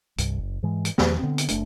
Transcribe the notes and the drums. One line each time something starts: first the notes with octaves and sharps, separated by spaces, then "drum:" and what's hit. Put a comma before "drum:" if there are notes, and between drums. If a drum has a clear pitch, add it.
C2 G2, drum: hi-hat
F#1
G#2 E3 G#3
drum: hi-hat
E2 D#3 F3 G3, drum: snare
D3 B3 C4
drum: hi-hat
F#1 A3 D4, drum: hi-hat